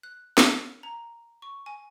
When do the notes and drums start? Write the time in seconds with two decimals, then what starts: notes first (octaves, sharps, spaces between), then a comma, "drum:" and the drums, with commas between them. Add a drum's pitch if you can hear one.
0.03 F#6
0.38 F6, drum: snare
0.83 A#5
1.42 C#6
1.66 G#5